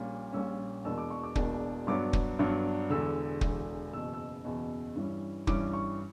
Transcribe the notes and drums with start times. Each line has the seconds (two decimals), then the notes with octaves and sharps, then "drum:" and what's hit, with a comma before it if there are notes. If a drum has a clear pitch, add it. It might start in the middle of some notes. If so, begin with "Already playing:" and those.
Already playing: A#1 A#2 G3 C#4
0.33 A#1 A#2 G3 C#4 E6
0.85 E1 E2 B2 A#3 D4 E6
0.98 D6
1.11 C#6
1.24 D6
1.35 E1 E2 B2 A#3 D4, drum: kick
1.87 G2 F#3 B3 D4 D6
2.13 drum: kick
2.39 G2 F#3 B3 D4
2.90 E1 E2 D3 E6
3.41 E1 E2 D3, drum: kick
3.93 F#1 E2 B2 E6
4.14 E6
4.45 F#1 E2 B2
4.95 G2 E3 G3 C#4
5.47 G2 E3 G3 C#4 D6, drum: kick
5.73 C#6